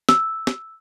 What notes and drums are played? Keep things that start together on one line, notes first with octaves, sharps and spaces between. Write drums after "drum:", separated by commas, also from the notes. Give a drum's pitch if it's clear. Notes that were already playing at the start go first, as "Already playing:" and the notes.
E6, drum: snare
drum: snare